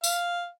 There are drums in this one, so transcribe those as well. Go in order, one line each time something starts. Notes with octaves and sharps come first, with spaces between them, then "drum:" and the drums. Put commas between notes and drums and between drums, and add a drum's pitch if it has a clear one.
F5, drum: tambourine